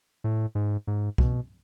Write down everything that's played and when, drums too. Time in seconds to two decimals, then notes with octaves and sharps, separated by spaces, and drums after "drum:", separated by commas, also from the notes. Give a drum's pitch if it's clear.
0.24 A2
0.55 G#2
0.87 G#2
1.18 B2, drum: kick